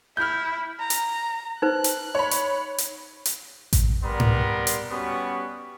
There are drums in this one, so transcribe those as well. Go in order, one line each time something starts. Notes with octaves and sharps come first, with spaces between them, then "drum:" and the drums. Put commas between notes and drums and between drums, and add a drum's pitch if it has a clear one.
E4 F6 G6
A#5
drum: hi-hat
D#4 B4 C5 F#6
drum: hi-hat
C#5 B5
drum: hi-hat
drum: hi-hat
drum: hi-hat
drum: kick A1, hi-hat
G3 B3 A#4 D5 A#5 C6
drum: tom G#2
drum: hi-hat
G3 B3 C#4 F#4 C#6 D#6